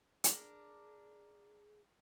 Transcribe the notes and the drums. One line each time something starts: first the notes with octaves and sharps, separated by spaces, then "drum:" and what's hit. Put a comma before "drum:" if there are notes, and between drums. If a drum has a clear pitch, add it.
D4 G#4 A#4, drum: hi-hat